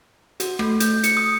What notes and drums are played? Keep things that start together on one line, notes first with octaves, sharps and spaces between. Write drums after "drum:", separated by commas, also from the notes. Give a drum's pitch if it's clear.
F#4, drum: hi-hat
A3, drum: rim click
G6, drum: hi-hat
C#7, drum: hi-hat
D#6